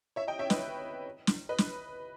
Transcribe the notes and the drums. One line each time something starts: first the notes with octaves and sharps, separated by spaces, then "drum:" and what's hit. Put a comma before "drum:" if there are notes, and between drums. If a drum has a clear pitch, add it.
C#5 E5
D#5 G5
C#5 E5
B4 D#5, drum: snare
drum: snare
B4 D#5
drum: snare